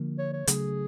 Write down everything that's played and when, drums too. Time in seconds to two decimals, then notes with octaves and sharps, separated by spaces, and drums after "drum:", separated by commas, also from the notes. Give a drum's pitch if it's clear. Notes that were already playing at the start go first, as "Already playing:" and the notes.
Already playing: D3 F3 A#3
0.19 C#5
0.33 C#5
0.47 C#3 F#3 A3 G#4, drum: hi-hat